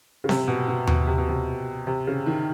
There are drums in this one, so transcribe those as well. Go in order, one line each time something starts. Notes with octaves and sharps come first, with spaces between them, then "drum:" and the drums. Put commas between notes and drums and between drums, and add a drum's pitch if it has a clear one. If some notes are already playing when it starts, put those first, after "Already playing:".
C#3
C3, drum: snare C4
B2
B2
B2, drum: tom D#2
C3
B2
C3
C3
C#3
D#3